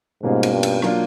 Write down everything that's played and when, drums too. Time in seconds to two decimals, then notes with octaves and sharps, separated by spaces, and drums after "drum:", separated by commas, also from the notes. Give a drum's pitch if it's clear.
0.23 G#2 B2 G3 A#3 C#4 F4
0.43 drum: cymbal
0.52 G2
0.63 drum: cymbal
0.82 F#3 A#3 D4 F4, drum: rim click